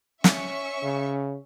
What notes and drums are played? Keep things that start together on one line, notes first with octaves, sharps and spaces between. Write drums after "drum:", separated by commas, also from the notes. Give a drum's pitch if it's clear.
C#4 E5 C#6, drum: snare
C#3